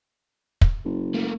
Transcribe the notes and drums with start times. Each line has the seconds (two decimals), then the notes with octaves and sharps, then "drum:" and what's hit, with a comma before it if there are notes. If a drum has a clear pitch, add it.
0.61 drum: kick
0.85 F#1
1.14 A3 A#3